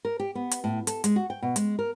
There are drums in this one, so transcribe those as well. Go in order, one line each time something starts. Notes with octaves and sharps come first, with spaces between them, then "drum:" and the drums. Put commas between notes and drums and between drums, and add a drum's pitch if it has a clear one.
A#4
G4
B3
drum: hi-hat
A2
A4, drum: hi-hat
G#3, drum: hi-hat
F#4
G5
B2
G#3, drum: hi-hat
A#4